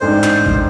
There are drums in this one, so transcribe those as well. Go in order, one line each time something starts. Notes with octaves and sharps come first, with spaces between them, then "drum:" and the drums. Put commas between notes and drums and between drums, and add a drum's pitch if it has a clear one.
A1 G#2 G#3 D4 A4 C5
drum: clap
drum: kick G#1